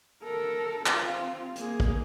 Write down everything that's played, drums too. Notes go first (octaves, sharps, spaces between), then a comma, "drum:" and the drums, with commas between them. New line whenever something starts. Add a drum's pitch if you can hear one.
A4 A#4
C4 F4, drum: clap
A#3 G#4, drum: hi-hat
drum: kick